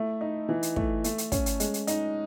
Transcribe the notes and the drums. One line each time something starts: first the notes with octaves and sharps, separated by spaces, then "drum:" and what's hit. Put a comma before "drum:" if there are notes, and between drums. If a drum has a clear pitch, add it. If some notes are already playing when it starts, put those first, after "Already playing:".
Already playing: A3 E4
D#4
E3
drum: hi-hat
A3, drum: kick
A3, drum: hi-hat
drum: hi-hat
C#4, drum: kick, hi-hat
drum: hi-hat
G#3, drum: hi-hat
drum: hi-hat
D#4, drum: hi-hat